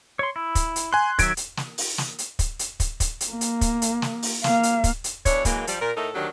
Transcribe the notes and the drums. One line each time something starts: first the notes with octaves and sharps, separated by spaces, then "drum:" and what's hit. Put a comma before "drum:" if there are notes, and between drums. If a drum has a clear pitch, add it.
C#5 C6
E4
drum: kick, hi-hat
drum: hi-hat
G#5 C6 F#6
D#3 F#3 E5 G#6 D7, drum: kick, hi-hat
drum: hi-hat
drum: snare
drum: open hi-hat
drum: snare
drum: hi-hat
drum: kick, hi-hat
drum: hi-hat
drum: kick, hi-hat
drum: kick, hi-hat
drum: hi-hat
A#3
drum: hi-hat
drum: kick, hi-hat
drum: hi-hat
drum: snare
drum: open hi-hat
A#3 F5, drum: snare
drum: hi-hat
drum: kick, hi-hat
drum: hi-hat
E2 D4 E4 C#5, drum: kick, hi-hat
E3 F#3 G#3 A#3, drum: kick, hi-hat
F3 G3, drum: hi-hat
A#2 A#4
A2 A3 D#4 A4 A#4
D2 D#3 F#3 D4 G4